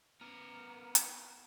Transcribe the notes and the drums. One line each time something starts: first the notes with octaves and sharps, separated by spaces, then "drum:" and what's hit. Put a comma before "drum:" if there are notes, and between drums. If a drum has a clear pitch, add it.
B3 A#4
drum: hi-hat